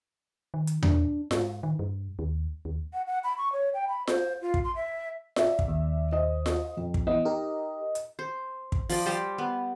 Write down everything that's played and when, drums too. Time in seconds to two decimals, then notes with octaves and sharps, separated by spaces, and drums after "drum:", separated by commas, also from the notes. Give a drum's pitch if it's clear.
0.54 D#3
0.67 drum: hi-hat
0.83 D4, drum: tom E2
1.31 G#2, drum: snare F4
1.63 D#3
1.79 G2
2.19 D#2
2.65 D#2
2.93 F#5
3.07 F#5
3.24 B5
3.38 C#6
3.53 C#5
3.74 G5
3.88 B5
4.07 C5, drum: snare F4
4.42 F4
4.54 drum: kick
4.64 C6
4.76 E5
5.36 D5 E5, drum: snare F4
5.59 drum: kick
5.68 D#2
6.12 C5 D#5
6.46 drum: snare F4
6.77 F2
6.94 drum: kick
7.07 E3 B3 D#5
7.25 D#4 G4 A#4
7.95 drum: hi-hat
8.19 C5
8.72 drum: kick
8.89 F3 D5, drum: open hi-hat
9.06 G3 G4 C5
9.38 B3